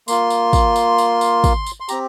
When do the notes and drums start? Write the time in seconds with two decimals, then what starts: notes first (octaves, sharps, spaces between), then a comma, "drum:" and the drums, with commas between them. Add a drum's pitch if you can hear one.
0.08 A#3 F4 C6, drum: tambourine
0.30 drum: tambourine
0.53 drum: kick, tambourine
0.76 drum: tambourine
0.98 drum: tambourine
1.21 drum: tambourine
1.44 drum: kick, tambourine
1.66 drum: tambourine
1.80 C6
1.89 C4 G4 A#5, drum: tambourine